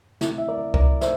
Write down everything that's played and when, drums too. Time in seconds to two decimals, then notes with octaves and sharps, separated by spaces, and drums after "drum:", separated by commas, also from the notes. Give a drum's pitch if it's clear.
0.21 D3 A3 C4 E4, drum: snare
0.38 E5
0.49 A#4 D5
0.74 A#4 D5, drum: kick C2
1.01 C5 E5, drum: snare